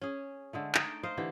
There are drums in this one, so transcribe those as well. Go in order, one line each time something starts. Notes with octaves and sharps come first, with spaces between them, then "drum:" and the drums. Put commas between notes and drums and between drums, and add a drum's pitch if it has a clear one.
C#4 G#4
D3 G#3 A3
D#4 D5 D#5 G5, drum: clap
C5 D#5 F5
D3 E3 G4